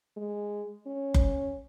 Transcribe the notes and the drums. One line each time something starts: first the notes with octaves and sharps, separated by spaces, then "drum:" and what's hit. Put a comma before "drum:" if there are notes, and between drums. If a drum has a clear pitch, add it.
G#3
C#4
drum: kick F#1